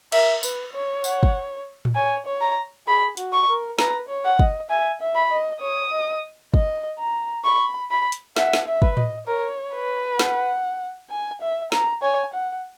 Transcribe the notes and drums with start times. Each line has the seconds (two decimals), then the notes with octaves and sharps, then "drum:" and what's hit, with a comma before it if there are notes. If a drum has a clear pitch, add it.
0.12 A#4 E5, drum: cymbal
0.43 B4, drum: tambourine
0.73 C#5
1.04 F#5, drum: tambourine
1.23 drum: kick
1.85 drum: tom A2
1.95 C#5 G#5
2.26 C#5
2.41 A#5
2.87 G#4 B5
3.17 F#4, drum: hi-hat
3.33 C#6
3.48 A#4
3.79 B4 A#5, drum: snare
4.09 C#5
4.25 F#5
4.39 D#5, drum: kick
4.70 E5 G#5
5.01 E5
5.15 B5
5.31 D#5
5.61 C#5 D#6
5.92 D#5
6.54 D#5, drum: kick
6.98 A#5
7.44 B5 C#6
7.91 B5
8.12 drum: hi-hat
8.36 E5 F#5, drum: snare
8.53 drum: snare
8.67 E5
8.82 B4, drum: kick
8.97 D#5, drum: tom A2
9.27 A#4 C#5
9.74 B4
10.19 F#5, drum: snare
11.10 G#5
11.41 E5
11.72 A#5, drum: snare
12.02 C#5 G#5
12.33 F#5